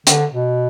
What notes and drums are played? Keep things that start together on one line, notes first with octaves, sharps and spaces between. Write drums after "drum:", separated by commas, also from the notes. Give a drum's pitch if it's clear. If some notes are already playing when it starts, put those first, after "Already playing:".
D3, drum: hi-hat
B2